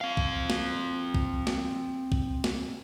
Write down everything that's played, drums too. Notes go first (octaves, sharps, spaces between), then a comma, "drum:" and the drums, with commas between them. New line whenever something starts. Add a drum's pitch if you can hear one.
C4 F5
drum: kick B1
drum: snare
drum: kick B1
drum: snare
drum: kick B1
drum: snare